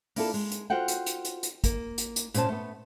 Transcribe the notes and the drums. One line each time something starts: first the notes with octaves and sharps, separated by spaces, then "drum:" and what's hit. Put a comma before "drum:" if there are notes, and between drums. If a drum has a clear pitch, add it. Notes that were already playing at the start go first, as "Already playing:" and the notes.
A#3 D4 E4 F4 A4, drum: open hi-hat
G#3, drum: open hi-hat
drum: hi-hat
F4 F#4 A4 C5 F#5 G5
drum: hi-hat
drum: hi-hat
drum: hi-hat
drum: hi-hat
A#3, drum: kick, hi-hat
drum: hi-hat
drum: hi-hat
A#2 C#4 C5 G5 A5, drum: hi-hat
A3 B3